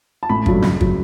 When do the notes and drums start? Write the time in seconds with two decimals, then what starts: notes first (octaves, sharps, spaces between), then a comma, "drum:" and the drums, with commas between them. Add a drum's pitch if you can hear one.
0.23 A5
0.29 A1 B5
0.46 G2 F#3 A3, drum: kick
0.62 F#1, drum: snare
0.81 F#3, drum: kick